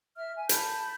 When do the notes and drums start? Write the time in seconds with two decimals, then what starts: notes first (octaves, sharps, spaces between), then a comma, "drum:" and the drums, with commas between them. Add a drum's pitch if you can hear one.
0.17 E5 F6
0.36 G#5
0.49 A5 B5 G6, drum: hi-hat